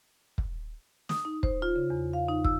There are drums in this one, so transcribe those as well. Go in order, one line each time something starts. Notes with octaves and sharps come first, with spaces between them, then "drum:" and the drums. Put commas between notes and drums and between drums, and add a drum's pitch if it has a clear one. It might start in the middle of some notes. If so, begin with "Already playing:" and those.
drum: kick
D#6, drum: snare
D#4
C5, drum: kick
F4
C#3
E2
F5
D#4
E6, drum: kick